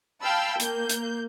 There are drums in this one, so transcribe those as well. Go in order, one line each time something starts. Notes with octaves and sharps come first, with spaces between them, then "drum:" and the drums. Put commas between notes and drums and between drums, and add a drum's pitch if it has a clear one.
F5 G5 A5 B5 E6
A#3 G6, drum: hi-hat
drum: hi-hat